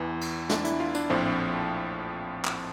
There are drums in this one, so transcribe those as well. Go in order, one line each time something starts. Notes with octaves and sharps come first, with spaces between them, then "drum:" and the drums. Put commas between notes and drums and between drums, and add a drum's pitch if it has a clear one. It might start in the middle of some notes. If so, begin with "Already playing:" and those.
Already playing: E2 E3
drum: cymbal
D4, drum: snare
E4, drum: hi-hat
F4
D4, drum: tambourine
A#1 A2 F3 C4
drum: clap